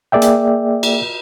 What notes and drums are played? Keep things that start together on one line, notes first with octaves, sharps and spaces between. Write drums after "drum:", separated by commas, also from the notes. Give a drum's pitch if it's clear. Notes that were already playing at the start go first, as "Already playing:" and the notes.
A#3 G#4 D5 E5 G5
drum: hi-hat
drum: cymbal